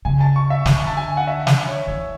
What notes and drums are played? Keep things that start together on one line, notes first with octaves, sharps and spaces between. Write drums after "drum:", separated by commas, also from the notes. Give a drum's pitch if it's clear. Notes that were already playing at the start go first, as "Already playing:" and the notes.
C#3 G#5
A5
C#6
E5
D3, drum: snare
A5
G#5
F#5
E5
E5, drum: snare
C#5
E3 C#5